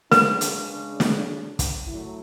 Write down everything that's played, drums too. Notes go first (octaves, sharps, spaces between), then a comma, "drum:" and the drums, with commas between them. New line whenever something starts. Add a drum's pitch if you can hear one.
C#3 G#3 D4 B4, drum: snare
drum: hi-hat
drum: snare
drum: kick, hi-hat
F#3 A3 E4